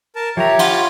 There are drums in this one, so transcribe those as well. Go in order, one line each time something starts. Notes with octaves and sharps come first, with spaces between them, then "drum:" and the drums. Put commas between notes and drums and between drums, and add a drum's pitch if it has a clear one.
A#4 A5
F3 G4 C#5 E5 A#5
F4 F#5 B5, drum: cymbal